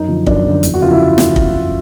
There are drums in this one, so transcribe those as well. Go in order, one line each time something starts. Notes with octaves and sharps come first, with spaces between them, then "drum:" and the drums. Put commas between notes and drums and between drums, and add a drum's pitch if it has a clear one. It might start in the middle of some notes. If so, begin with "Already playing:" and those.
Already playing: F#2 D#4
D3 F3
F#2 D4, drum: kick
D3 F3
E2, drum: hi-hat
F#4
C#3 F3 F4
E4
drum: snare
drum: kick